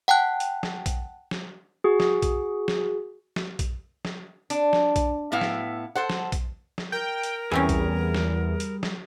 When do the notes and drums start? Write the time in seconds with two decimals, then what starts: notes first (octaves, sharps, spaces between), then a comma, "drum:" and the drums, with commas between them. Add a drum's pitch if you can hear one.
0.08 F#5 G5 A5 F#6
0.40 drum: hi-hat
0.63 drum: snare
0.86 drum: kick B1, hi-hat
1.31 drum: snare
1.84 F#4 G#4
2.00 drum: snare
2.22 drum: kick B1, hi-hat
2.68 drum: snare
3.36 drum: snare
3.59 drum: kick B1, hi-hat
4.05 drum: snare
4.50 D4, drum: hi-hat
4.73 drum: snare
4.96 drum: kick B1, hi-hat
5.32 A2 B3 E4 F5
5.41 drum: snare
5.95 A4 C5 F#5
6.10 drum: snare
6.32 drum: kick B1, hi-hat
6.78 drum: snare
6.92 A#4 G5 G6
7.23 drum: hi-hat
7.51 E2 E3 G3 C4 C#4 G#4
7.69 drum: kick B1, hi-hat
8.15 drum: snare
8.60 drum: hi-hat
8.83 drum: snare